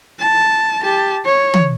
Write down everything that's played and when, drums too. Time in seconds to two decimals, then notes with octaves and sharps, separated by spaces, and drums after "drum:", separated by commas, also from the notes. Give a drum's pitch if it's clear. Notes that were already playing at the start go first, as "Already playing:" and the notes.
0.19 A5
0.83 G4 A5
1.25 C#5
1.54 drum: tom